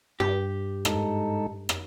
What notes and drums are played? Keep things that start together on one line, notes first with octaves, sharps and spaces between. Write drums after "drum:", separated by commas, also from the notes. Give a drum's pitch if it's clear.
G2 G4
G#2 D#4 A4, drum: rim click
drum: rim click